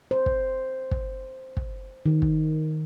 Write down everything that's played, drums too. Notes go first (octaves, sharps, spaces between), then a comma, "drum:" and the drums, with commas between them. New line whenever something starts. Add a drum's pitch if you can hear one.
C5
drum: kick
drum: kick
drum: kick
D#3
drum: kick